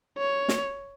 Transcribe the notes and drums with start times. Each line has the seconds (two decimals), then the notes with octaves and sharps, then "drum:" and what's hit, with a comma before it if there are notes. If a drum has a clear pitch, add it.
0.18 C#5
0.48 drum: snare